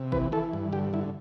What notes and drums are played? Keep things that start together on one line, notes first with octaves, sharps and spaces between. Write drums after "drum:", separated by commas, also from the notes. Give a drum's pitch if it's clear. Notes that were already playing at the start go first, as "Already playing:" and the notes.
Already playing: C3
E3 B4, drum: kick
E3 A4
G2
D3 G4
D3 E4